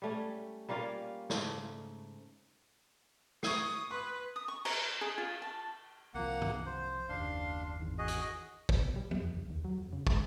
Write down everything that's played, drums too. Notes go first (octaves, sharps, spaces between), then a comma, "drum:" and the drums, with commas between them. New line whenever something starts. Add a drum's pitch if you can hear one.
G3 A3 C#4
G3 A#3 C#4 F4
G#2 C#3 A3, drum: snare
C#6 D#6 G#6 C7, drum: snare
B4 C6
D#6
C#6
A#5, drum: cymbal
G#4
F4
A5
C2 F3 A#3 F#5
drum: tom G2
C5
F#1 D#2 D4 F5 C6
G#1 E2 D#3
F#4 G#4 D#5
drum: hi-hat
drum: kick
B2
G3
F2, drum: tom F3
F2
C#2
D#2
F#3
F2
C#3
G#3, drum: kick